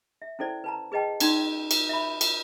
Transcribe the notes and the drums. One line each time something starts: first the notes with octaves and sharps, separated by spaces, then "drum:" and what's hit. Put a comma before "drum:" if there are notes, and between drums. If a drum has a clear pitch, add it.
E5
C#4 E4 A4 C5 D5
B4 A5 A#5
G#4 B4 D#5 G5 A5
C#4 D#4 D5 C6, drum: cymbal
drum: cymbal
E5 B5
drum: cymbal